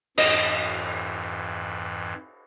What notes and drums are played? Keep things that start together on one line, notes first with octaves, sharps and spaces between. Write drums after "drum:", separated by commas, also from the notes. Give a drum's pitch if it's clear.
F2 G#2 E3 D#5, drum: cymbal